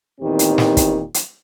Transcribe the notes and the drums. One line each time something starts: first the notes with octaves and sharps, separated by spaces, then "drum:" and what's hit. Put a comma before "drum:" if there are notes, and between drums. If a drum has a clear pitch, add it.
E2 A#2 D#3 C4 G4
drum: hi-hat
drum: snare
drum: kick, hi-hat
drum: hi-hat